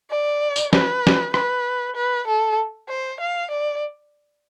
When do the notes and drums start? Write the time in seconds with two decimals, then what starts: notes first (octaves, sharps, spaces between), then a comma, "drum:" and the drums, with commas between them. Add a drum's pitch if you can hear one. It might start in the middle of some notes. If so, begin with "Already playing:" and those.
0.11 D5
0.56 drum: tambourine
0.73 B4, drum: snare
1.07 drum: snare
1.34 B4, drum: rim click
1.96 B4
2.27 A4
2.89 C5
3.20 F5
3.51 D5